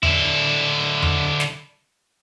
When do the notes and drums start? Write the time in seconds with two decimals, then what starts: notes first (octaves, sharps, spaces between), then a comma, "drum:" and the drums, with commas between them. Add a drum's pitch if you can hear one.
0.03 D3 E4, drum: tom E2
1.02 drum: tom E2
1.40 drum: snare